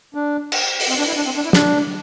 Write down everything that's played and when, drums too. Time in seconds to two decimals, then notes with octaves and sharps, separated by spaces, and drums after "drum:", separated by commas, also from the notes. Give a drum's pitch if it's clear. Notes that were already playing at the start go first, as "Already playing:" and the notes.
0.14 D4
0.52 drum: cymbal
0.80 drum: open hi-hat
0.89 C4
0.98 D4
1.07 E4
1.16 D4
1.25 C4
1.35 D4
1.44 E4
1.53 D4, drum: snare